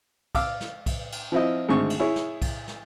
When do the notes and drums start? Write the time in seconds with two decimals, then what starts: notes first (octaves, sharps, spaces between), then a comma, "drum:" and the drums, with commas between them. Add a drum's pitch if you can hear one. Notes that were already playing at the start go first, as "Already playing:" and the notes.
0.35 F5 D6 E6, drum: kick B1, cymbal
0.60 drum: snare
0.86 drum: kick B1, cymbal
1.12 drum: cymbal
1.32 F3 C4 E4 F4 D#5
1.69 G#1 D3 A3 C4 C#6
1.90 drum: cymbal
2.00 E4 G#4 C#5
2.16 drum: snare
2.42 drum: kick B1, cymbal
2.68 drum: snare